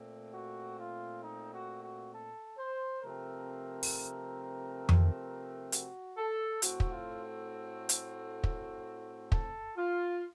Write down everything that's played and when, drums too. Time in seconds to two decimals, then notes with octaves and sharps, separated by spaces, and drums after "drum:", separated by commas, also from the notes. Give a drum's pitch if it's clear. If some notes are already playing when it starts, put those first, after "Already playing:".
Already playing: A#2 A3 C4
0.34 F#4
0.79 F4
1.24 D#4
1.54 F#4
1.83 F#4
2.14 A4
2.58 C5
3.03 C3 F3 A3 C4 A#4
3.83 drum: open hi-hat
4.89 drum: tom F2
5.72 F#4, drum: hi-hat
6.18 A4
6.62 A2 A3 C4 F#4, drum: hi-hat
6.80 drum: kick
6.92 F4
7.23 F#4
7.89 drum: hi-hat
8.44 drum: kick
9.32 A4, drum: kick
9.77 F4